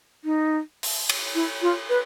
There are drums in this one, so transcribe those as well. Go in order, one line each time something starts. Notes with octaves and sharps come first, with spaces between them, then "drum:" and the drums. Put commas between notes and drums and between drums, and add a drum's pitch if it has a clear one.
D#4
drum: open hi-hat
drum: cymbal
E4
F4
B4